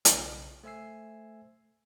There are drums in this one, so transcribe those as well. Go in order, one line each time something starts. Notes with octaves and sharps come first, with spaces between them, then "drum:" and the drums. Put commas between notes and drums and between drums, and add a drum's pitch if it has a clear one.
B1 C#3, drum: hi-hat
A3 C5 E5 G#5 E6 C7